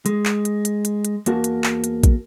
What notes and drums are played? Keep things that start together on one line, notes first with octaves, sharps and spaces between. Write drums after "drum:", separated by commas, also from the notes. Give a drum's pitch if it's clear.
G#3, drum: hi-hat
drum: clap
drum: hi-hat
drum: hi-hat
drum: hi-hat
drum: hi-hat
E2 A#3 F#4 A#4 A5, drum: hi-hat
drum: hi-hat
drum: clap
drum: hi-hat
drum: kick, hi-hat